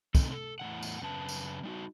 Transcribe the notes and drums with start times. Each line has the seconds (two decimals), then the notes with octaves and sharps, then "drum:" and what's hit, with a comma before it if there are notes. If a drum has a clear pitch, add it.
0.15 C3 C4 D#4 A4, drum: kick, tambourine
0.32 A4
0.60 E2 A2 D#3 F#5
0.83 drum: tambourine
1.02 F#2 C#3 B4 A5
1.29 drum: tambourine
1.63 G3 D#4 F#4